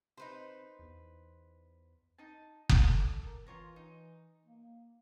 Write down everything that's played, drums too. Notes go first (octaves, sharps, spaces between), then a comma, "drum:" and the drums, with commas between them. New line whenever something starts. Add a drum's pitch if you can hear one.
C3 D#4 B4 C5
E2
D#4 A5
drum: kick F#1
A4 D5
A#4
E3 F4 C#5 A#5
D#4
A#3